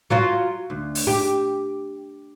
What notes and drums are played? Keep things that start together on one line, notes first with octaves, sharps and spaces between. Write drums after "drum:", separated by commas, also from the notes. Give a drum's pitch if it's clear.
F#3 F4 F#4
D2
drum: open hi-hat
G4